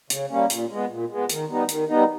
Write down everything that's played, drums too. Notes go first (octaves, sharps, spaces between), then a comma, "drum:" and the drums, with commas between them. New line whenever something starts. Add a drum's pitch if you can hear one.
C#3, drum: hi-hat
G3 A#3 C#4
A#2, drum: hi-hat
G#3 B3
A#2
G#3 B3
D#3, drum: hi-hat
G3 B3 D#4
D#3, drum: hi-hat
G3 B3 D#4